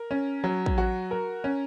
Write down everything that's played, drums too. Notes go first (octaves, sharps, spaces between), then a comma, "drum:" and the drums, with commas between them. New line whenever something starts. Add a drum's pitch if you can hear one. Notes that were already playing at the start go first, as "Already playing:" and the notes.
Already playing: A#4
C#4
F#3
drum: kick
F#4
A#4
C#4